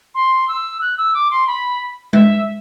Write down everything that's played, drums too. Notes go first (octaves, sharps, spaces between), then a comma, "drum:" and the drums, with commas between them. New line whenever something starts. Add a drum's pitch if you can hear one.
C6
E6
F#6
E6
D6
C6
B5
E5, drum: tom G#3